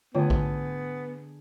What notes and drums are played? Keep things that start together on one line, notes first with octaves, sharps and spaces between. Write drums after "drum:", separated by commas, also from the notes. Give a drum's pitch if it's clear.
D3 A3 B3 F4 G#4 C#5
drum: kick A#1